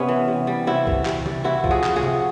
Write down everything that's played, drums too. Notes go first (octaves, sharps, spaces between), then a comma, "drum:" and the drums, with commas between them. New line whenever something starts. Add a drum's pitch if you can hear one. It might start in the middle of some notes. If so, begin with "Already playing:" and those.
Already playing: C3 B3 C#4
E3
C3
G3
C3 E4 F#4
E3, drum: kick B1
C3, drum: clap
G3, drum: tom C3
C3 E4 F#4
F3, drum: kick B1
F#4 G#4
F3, drum: clap
F#4 G#4
C3, drum: tom C3